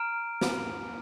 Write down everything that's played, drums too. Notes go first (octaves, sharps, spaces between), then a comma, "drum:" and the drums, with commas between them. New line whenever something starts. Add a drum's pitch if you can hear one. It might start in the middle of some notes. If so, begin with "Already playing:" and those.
Already playing: A#5 F6 D7
drum: snare